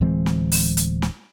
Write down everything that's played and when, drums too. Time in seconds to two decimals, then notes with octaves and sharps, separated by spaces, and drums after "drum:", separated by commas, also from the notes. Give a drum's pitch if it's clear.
0.01 D1 E3 G#3 C4
0.26 drum: snare
0.52 drum: open hi-hat
0.77 drum: hi-hat
1.02 drum: snare